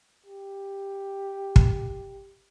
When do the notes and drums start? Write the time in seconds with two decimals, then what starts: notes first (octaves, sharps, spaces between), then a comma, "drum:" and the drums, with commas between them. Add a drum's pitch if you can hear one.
0.26 G4
1.56 drum: kick